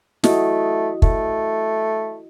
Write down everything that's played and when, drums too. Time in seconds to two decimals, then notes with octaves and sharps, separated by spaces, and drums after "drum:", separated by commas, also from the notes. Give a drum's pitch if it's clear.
0.24 A3 E4 F#4 D#5, drum: snare
1.02 A3, drum: kick